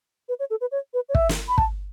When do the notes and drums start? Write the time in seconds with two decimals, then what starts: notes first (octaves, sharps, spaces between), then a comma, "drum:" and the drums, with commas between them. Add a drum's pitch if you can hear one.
0.29 B4
0.40 C#5
0.50 A4
0.61 B4
0.72 C#5
0.94 B4
1.09 C#5
1.15 E5, drum: kick
1.29 drum: snare
1.48 B5
1.58 A5, drum: kick